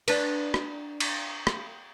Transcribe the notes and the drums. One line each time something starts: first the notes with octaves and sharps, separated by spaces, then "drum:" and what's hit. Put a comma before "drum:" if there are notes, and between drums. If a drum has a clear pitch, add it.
D4 B4, drum: cymbal
drum: rim click
drum: cymbal
drum: rim click